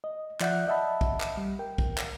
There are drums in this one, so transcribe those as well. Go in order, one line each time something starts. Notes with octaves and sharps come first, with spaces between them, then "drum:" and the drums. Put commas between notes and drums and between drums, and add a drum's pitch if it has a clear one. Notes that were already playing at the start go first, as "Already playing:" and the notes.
D#5
F3 D5 E5 F#5 F#6 G6, drum: clap
D#5 E5 F#5 A5 B5
drum: kick
drum: clap
G3
A#4 G5
drum: kick
drum: clap